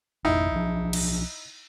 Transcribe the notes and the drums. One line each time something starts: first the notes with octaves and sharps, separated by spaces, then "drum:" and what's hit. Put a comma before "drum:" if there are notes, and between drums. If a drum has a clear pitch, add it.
G#1 F2 D#4 E4
B1 F3
drum: cymbal